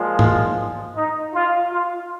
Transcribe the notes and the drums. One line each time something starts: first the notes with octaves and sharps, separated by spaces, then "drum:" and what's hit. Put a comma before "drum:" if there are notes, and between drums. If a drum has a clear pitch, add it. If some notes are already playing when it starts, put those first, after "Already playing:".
Already playing: A#2 F3 G#3
F4, drum: tom
D#4
F4
F4